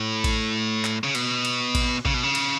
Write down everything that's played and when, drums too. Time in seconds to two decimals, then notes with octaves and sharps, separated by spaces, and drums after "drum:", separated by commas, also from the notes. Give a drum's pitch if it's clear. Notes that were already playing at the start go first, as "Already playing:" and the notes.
Already playing: A2
0.24 drum: kick A1, cymbal
0.85 drum: clap
1.04 C#3
1.15 B2, drum: cymbal
1.45 drum: cymbal
1.75 drum: kick A1, cymbal
2.05 C#3, drum: kick A1
2.14 B2
2.23 C#3
2.35 drum: cymbal